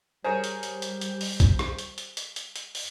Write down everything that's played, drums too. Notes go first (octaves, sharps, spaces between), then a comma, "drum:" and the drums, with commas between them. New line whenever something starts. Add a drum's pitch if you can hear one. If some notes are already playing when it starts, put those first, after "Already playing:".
G3 G#4 A#4 C5 C#5
drum: hi-hat
drum: hi-hat
drum: hi-hat
drum: hi-hat
drum: open hi-hat
drum: kick, hi-hat
drum: rim click
drum: hi-hat
drum: hi-hat
drum: hi-hat
drum: hi-hat
drum: hi-hat
drum: open hi-hat